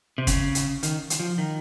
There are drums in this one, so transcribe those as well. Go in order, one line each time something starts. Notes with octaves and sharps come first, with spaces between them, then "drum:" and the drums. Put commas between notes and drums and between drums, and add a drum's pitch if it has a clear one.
C3
C#3, drum: kick F#1, hi-hat
drum: hi-hat
D#3, drum: hi-hat
drum: hi-hat
F3
D#3